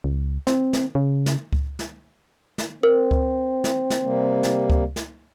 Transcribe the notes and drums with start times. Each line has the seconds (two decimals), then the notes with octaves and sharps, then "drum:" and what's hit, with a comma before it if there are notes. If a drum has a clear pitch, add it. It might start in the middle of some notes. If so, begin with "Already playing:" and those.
0.04 C#2
0.47 C4, drum: snare
0.73 drum: snare
0.95 C#3
1.26 drum: snare
1.53 drum: kick C#2
1.79 drum: snare
2.58 drum: snare
2.83 C4 A#4
3.11 drum: kick C#2
3.64 drum: snare
3.90 drum: snare
4.02 C3 G3 A#3
4.43 drum: snare
4.70 drum: kick C#2
4.96 drum: snare